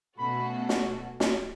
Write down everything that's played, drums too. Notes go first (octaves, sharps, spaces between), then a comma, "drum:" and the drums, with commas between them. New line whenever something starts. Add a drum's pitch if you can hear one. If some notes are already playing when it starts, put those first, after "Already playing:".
B2 A3 C#4 F#4 A4 B5
drum: snare
drum: snare